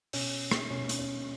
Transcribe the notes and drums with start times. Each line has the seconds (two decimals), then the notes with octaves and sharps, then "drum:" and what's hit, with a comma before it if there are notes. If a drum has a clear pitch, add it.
0.13 B2 C#4, drum: open hi-hat
0.51 drum: rim click
0.70 B2 C#4
0.89 drum: hi-hat
0.99 C#4